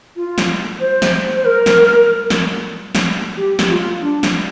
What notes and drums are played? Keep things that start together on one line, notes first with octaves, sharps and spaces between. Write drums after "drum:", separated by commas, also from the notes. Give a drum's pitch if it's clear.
F4
drum: snare
C5
drum: snare
C5
A#4
drum: snare
drum: snare
drum: snare
G4
drum: snare
F4
D4
drum: snare